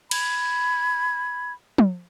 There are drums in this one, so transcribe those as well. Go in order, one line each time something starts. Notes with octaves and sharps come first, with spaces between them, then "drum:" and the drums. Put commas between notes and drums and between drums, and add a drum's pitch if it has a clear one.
B5 G#6, drum: cymbal
drum: tom